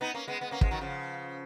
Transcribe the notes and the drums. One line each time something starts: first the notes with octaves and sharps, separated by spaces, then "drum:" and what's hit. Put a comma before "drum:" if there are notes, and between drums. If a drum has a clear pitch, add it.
B3 D#4
A#3 C#4
G#3 B3
G#3 B3
A#3 C#4
F3 G#3, drum: kick
D#3 F#3
C#3 F3